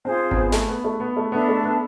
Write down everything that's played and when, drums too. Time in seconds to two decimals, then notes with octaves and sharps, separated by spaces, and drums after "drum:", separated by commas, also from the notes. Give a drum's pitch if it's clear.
0.04 C4 F4 G#4 C5
0.31 C4, drum: kick G#1
0.36 B3
0.52 A3, drum: snare
0.68 B3
0.84 A3
1.00 B3
1.16 A3
1.32 B3 D4 A4 E5 A5
1.48 A3
1.64 B3